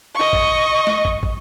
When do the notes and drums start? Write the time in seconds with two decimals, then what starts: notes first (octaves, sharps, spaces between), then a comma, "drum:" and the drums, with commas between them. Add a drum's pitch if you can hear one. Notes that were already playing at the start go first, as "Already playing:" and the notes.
0.15 D#5 C#6
0.33 drum: kick
0.87 drum: snare A3
1.05 drum: kick
1.23 drum: kick